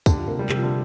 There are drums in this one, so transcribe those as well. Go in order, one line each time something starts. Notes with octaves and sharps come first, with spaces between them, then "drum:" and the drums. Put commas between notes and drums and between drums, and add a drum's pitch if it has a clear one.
D3 G4, drum: kick, tambourine
F3
C3 A#3
G3
C3 G3, drum: clap
F3
D3